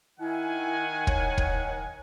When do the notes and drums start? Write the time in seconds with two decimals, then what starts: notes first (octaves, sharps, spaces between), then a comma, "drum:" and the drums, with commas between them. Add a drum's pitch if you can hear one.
0.20 D#3 E4 F#5 G#5
1.07 C#5, drum: kick
1.38 drum: kick